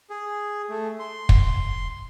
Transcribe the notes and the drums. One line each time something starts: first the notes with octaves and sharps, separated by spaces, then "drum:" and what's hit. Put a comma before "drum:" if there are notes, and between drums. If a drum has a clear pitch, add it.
G#4
A3
C6
drum: kick